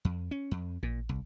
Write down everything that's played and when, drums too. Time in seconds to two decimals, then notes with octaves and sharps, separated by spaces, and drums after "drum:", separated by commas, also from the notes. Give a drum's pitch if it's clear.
0.05 F2
0.31 C#4
0.51 F2
0.83 A#2, drum: kick A1
1.09 C2